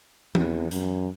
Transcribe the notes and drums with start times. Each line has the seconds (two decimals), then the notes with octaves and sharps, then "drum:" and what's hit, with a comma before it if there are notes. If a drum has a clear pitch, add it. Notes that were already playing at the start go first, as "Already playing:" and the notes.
0.35 E2, drum: tom E3
0.71 F#2, drum: hi-hat